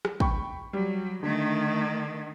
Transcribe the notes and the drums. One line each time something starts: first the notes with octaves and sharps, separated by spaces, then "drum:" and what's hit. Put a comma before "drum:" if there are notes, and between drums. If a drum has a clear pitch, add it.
drum: rim click
G5 B5 C#6, drum: kick
F#3 G3
D3 D#3 A3